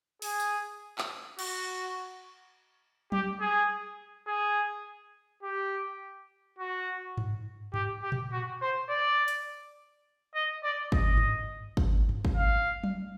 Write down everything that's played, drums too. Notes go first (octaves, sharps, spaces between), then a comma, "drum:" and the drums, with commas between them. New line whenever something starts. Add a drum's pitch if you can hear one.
G#4, drum: open hi-hat
drum: tambourine
drum: clap
F#4, drum: cymbal
G4, drum: tom F#3
G#4
G#4
G4
F#4
drum: tom G2
G4, drum: tom G2
G4
drum: tom A#2
F#4
C5
D5
drum: hi-hat
D#5
D5
D#5, drum: kick G#1
drum: tom G2
drum: kick G#1
drum: tom G2
drum: kick G#1
F5
drum: tom F#3